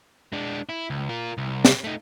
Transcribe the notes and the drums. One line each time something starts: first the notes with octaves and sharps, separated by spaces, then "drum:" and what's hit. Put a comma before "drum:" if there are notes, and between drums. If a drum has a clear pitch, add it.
G#3 D4
E4
C#2
F4 A#4
C2
drum: snare
A3 D#4